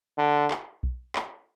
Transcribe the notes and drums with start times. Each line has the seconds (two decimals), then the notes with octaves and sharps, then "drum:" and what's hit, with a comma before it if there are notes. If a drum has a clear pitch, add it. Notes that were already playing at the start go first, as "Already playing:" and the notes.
0.18 D3
0.51 drum: clap
0.83 drum: kick B1
1.16 drum: clap